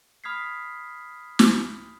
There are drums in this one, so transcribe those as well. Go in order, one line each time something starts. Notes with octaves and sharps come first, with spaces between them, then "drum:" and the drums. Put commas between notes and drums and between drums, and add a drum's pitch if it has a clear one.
B5 D#6 F6 G#6 B6 C7
drum: snare